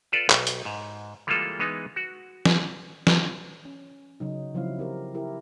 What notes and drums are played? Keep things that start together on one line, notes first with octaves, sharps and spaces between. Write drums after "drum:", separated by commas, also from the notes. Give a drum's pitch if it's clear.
F4 A4 B4 D5
B1, drum: clap
drum: hi-hat
G#2
E3 G3 G#3 A#3 F4 A4
E3 G#3 B3 D#4
F#4
drum: snare
drum: snare
C#4
C#3 F#3 D#4
C#3 F3 F#3 C4 E4 F5
C4 G4 A#4
E4 G4 A#4